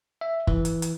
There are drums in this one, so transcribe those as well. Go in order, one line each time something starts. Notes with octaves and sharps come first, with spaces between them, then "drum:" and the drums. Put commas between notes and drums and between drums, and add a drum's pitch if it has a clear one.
E5
E3, drum: kick
drum: hi-hat
drum: hi-hat